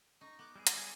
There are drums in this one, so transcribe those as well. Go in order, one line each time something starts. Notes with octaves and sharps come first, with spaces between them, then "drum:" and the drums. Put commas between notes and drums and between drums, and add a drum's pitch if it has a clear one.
D#4 C#6
B3 D6
G3 E4 G#4
drum: hi-hat
G#5